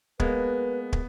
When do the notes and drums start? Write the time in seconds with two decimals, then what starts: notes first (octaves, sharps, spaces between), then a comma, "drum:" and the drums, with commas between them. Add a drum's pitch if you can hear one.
0.20 G#3 A#3 B3 B4, drum: kick
0.93 drum: kick